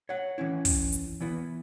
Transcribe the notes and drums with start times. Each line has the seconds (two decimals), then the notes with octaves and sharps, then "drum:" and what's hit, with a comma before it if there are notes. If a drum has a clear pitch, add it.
0.09 C#5 F#5
0.38 E3 C#4 E4
0.65 drum: kick, open hi-hat
0.92 drum: hi-hat
1.20 E3 B3 E4